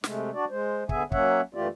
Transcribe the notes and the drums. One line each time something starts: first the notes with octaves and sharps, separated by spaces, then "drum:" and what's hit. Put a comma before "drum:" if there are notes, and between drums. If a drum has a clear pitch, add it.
C3 G#3 A3, drum: snare
D4 F#4 D5
G#3 C5
D3 B3 G#4 E5 G#5, drum: kick
F#3 A#3 C#4 C#5 E5 F#5, drum: kick
F#2 E3 A3 F4 G4 D5